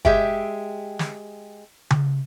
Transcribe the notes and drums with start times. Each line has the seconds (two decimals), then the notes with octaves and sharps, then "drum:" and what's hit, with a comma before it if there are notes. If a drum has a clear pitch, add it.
0.05 G#3 G4 E5 G5, drum: kick
0.99 drum: snare
1.90 drum: tom C#3